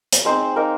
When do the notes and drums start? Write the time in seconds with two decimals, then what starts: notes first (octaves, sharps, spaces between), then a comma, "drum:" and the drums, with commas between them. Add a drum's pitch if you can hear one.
0.13 drum: hi-hat
0.25 G#3 C4 D#4 C5
0.56 A#3 D#4 A#4